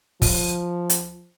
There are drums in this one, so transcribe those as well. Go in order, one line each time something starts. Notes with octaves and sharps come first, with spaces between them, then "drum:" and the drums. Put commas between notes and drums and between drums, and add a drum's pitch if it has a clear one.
F3, drum: kick, open hi-hat
drum: hi-hat